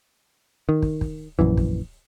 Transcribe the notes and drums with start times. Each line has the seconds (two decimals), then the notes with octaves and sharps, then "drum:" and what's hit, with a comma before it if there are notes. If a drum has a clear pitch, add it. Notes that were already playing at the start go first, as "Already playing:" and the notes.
0.69 D#3
0.82 drum: kick
1.01 drum: kick
1.39 A#1 F#2 E3
1.57 drum: kick